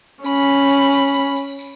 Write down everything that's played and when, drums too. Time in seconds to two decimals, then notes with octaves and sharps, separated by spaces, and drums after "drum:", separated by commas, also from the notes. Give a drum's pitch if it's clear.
0.25 C#4 B5, drum: tambourine
0.69 drum: tambourine
0.92 drum: tambourine
1.14 drum: tambourine
1.37 drum: tambourine
1.59 drum: tambourine